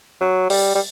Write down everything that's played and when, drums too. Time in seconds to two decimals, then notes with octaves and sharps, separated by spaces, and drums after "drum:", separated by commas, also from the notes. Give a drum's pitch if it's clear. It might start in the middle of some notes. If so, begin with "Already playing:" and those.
0.21 F#3
0.50 G3, drum: open hi-hat
0.75 G3